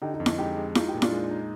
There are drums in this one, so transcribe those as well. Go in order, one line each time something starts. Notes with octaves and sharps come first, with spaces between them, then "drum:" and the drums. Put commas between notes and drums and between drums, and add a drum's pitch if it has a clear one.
D3 D#4 G4
D#4
F2
D#4, drum: snare E4
G#3 D#4 G4
G#3
D#4 F4, drum: snare E4
G4
A#2
D4 F4, drum: snare E4
G#3
D#4